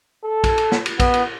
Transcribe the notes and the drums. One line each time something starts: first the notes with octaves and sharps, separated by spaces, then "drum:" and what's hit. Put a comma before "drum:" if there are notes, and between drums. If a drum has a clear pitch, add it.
A4
drum: kick A#1, cymbal
drum: cymbal
drum: snare
drum: cymbal
B3, drum: kick A#1, cymbal
drum: cymbal